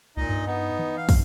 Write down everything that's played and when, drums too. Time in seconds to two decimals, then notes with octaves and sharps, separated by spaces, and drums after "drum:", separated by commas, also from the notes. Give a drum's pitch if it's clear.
0.17 C#2 A#2 D#4 D#5
0.29 G2
0.46 B3 D#4
0.79 E3
0.97 F5
1.09 F#2, drum: kick, open hi-hat